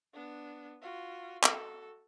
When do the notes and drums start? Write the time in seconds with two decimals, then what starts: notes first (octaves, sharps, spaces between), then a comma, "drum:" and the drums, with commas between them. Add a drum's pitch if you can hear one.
0.13 B3 D4
0.82 F4 F#4
1.43 F#4 A4, drum: clap